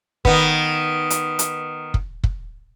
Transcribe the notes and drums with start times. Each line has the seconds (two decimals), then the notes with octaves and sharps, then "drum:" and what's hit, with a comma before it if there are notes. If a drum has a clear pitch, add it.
0.25 D#3 B3, drum: kick
1.10 drum: hi-hat
1.39 drum: hi-hat
1.94 drum: kick
2.24 drum: kick